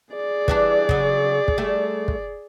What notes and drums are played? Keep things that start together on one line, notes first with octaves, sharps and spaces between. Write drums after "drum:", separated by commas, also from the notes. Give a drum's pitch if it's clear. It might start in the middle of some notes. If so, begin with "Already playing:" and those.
G#4 D5
E3 G3 D4, drum: kick
C#3 F#3, drum: kick
drum: kick
G3 A3
drum: kick